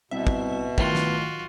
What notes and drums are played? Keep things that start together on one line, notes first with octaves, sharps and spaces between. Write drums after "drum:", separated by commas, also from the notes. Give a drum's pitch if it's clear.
C2 B2 E5
drum: kick
A2 D#3 F4 F#4 G7, drum: kick
drum: snare